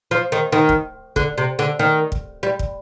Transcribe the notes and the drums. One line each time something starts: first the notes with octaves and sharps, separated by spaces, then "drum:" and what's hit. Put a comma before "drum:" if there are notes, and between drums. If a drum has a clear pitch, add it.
F3
D#3
D#3
drum: kick
D3, drum: kick
C3
D3
D#3
drum: kick
G3
drum: kick